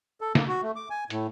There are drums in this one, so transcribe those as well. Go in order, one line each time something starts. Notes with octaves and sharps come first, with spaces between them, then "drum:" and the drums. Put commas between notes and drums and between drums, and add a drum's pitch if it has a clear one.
A4
A#3, drum: snare
F#4
A3
D6
G#5
A2, drum: hi-hat